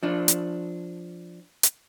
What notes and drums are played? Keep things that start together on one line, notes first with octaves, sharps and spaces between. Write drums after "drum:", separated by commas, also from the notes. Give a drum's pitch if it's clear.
F3 D4
drum: hi-hat
drum: hi-hat